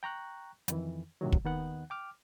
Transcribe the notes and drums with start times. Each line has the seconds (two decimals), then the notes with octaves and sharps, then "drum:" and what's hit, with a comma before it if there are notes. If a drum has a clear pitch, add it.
0.03 G5 A#5 C#6 F#6
0.68 F2 D#3 E3, drum: hi-hat
1.21 A2 C3 D#3 F#3
1.32 drum: kick
1.44 D#2 D#3 B3 D#4 F#5 F#6
1.90 G5 D6 F6